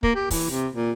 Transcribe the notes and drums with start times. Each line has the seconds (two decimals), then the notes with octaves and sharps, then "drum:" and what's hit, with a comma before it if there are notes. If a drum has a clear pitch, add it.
0.03 A#3, drum: kick
0.15 G4
0.31 E3, drum: kick, open hi-hat
0.50 C3
0.73 A#2